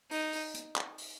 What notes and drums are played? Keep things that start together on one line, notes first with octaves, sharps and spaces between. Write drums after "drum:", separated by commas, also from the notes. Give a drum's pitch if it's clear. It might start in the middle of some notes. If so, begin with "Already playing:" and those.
D#4, drum: open hi-hat
drum: open hi-hat
drum: hi-hat
drum: clap
drum: open hi-hat